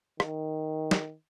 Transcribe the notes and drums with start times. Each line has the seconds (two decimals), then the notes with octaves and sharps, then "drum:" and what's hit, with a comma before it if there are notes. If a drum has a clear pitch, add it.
0.20 D#3, drum: rim click
0.91 drum: snare